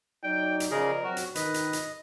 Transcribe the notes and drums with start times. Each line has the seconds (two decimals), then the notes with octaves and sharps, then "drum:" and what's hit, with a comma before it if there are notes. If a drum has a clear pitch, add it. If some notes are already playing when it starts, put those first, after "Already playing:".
0.23 F#3 D#4 D5 G5
0.60 drum: hi-hat
0.71 C#3 F3 G#4 A#4 D5 D#5
1.04 F#3 C4 F#4
1.17 drum: hi-hat
1.35 D#3 B4 D#5, drum: hi-hat
1.54 drum: hi-hat
1.73 drum: hi-hat